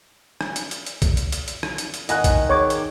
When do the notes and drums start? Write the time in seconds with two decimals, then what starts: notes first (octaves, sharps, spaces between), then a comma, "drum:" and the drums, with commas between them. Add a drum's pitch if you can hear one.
0.41 drum: rim click
0.56 drum: hi-hat
0.71 drum: hi-hat
0.87 drum: hi-hat
1.02 drum: kick A#1, hi-hat
1.17 drum: hi-hat
1.32 drum: hi-hat
1.48 drum: hi-hat
1.63 drum: rim click
1.78 drum: hi-hat
1.94 drum: hi-hat
2.09 D#3 D#5 F#5 G#5 F#6, drum: hi-hat
2.24 drum: kick A#1, hi-hat
2.49 G#4 C#5 C#6 D6 G#6
2.70 drum: hi-hat